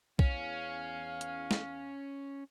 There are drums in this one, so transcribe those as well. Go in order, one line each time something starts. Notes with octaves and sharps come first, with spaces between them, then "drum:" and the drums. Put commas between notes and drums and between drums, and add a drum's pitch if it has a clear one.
E2 C#4 F5, drum: kick
drum: hi-hat
drum: snare